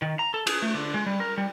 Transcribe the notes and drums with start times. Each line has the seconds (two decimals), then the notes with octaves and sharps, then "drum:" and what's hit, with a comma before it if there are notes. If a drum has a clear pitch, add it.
0.02 D#3
0.19 A#5
0.34 A4
0.47 G#4, drum: cymbal
0.62 A3
0.74 D3
0.94 G#3
1.06 G3
1.20 A#4
1.38 G3